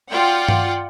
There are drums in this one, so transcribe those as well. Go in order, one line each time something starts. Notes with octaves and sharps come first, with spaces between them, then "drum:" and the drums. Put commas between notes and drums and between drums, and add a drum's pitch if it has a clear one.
F4 D5 F#5 G5
drum: tom G2